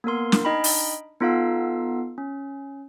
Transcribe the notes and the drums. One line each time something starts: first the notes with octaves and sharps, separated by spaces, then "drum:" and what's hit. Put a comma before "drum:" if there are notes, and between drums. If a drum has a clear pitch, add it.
A#3 B3 A#4 C6
drum: snare
D4 D#4 D#5 G5 B5
drum: open hi-hat
B3 D#4 F4 A4 F5 E6
C#4